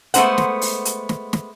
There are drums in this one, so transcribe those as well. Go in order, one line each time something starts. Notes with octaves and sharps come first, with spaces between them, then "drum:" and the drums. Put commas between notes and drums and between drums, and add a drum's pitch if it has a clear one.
G#3 A3 B3 D#4 C5 F#5, drum: hi-hat
drum: snare
drum: open hi-hat
drum: hi-hat
drum: snare
drum: snare